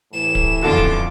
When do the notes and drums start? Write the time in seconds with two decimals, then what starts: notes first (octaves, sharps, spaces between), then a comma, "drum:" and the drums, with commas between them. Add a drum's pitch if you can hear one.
0.13 A2 C3 E3 E7
0.35 drum: kick D1
0.62 F2 B2 D3 F4 D6
0.78 drum: kick D1